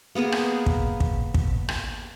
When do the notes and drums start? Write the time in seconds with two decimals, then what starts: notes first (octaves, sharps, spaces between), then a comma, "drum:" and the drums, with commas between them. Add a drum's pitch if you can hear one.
0.15 A#3 B3 G#4 A#4
0.32 drum: rim click
0.66 drum: kick
1.00 drum: kick
1.34 drum: kick
1.68 drum: rim click